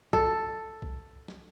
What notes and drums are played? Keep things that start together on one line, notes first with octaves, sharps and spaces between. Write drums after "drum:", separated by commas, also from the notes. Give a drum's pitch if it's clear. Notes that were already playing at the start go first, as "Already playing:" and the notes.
A4, drum: kick B1
drum: kick B1
drum: snare